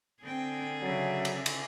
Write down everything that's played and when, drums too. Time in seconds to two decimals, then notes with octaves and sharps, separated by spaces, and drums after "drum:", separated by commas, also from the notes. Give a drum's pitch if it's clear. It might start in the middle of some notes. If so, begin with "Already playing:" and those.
0.23 D3 C4 G#4 G5
0.83 C#3 F#3 E5
1.25 drum: cymbal
1.46 drum: cymbal